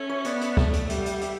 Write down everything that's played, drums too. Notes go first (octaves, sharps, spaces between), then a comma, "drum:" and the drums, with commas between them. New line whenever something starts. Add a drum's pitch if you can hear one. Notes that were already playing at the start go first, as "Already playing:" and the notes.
Already playing: C#4 A4 E5
C#5
B3 D5, drum: hi-hat
drum: hi-hat
A3, drum: kick
drum: hi-hat
G3 E5, drum: hi-hat
F#5
E5, drum: hi-hat
F#5
E5, drum: hi-hat